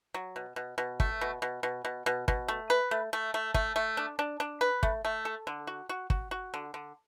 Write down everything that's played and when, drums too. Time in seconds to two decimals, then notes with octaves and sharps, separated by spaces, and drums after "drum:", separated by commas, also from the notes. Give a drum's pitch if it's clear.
0.14 F#3
0.36 B2
0.56 B2
0.78 B2
1.00 A3, drum: kick
1.21 B2
1.42 B2
1.63 B2
1.85 B2
2.06 B2
2.28 B2, drum: kick
2.48 A3
2.70 B4
2.91 A3
3.13 A3
3.34 A3
3.54 A3, drum: kick
3.76 A3
3.97 D4
4.19 D4
4.40 D4
4.61 B4
4.83 A3, drum: kick
5.05 A3
5.25 A4
5.47 D3
5.67 F#4
5.89 F#4
6.10 F#4, drum: kick
6.31 F#4
6.54 D3
6.74 D3